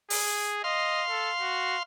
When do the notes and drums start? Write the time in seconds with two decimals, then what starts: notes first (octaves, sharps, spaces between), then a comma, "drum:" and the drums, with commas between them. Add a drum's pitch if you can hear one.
0.10 G#4, drum: open hi-hat
0.64 D#5 F5 C6
1.10 A4
1.41 F#4